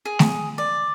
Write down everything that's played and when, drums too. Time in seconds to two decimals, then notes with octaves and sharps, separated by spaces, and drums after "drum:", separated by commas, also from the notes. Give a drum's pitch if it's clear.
0.05 G#4
0.19 drum: snare A3
0.58 D5